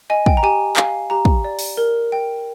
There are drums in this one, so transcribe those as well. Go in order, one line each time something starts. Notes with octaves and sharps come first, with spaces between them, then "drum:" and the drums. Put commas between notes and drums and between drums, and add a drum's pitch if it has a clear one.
D#5 G#5
G5, drum: kick
A#5
G4 G#5
F5 G#5, drum: clap
G4 A#5
drum: kick
D5
drum: open hi-hat
A#4
G5